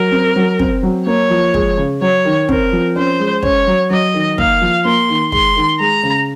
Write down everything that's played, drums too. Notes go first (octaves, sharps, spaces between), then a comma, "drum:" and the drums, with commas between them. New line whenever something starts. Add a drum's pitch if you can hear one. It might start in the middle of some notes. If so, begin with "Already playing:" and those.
Already playing: F#3 A#4
C4
F#3
C4, drum: kick
F#3
A#3 C#5
F3
G#3, drum: kick
C#3
F#3 C#5
D#3
C4 A#4, drum: kick
F3
C#4 C5
G#3
C#4 C#5, drum: kick
F#3
F#3 D#5
D#3
A#3 F5, drum: kick
F3
A#3 C6
D#3
G#3 C6, drum: kick
D#3
G#3 A#5
C#3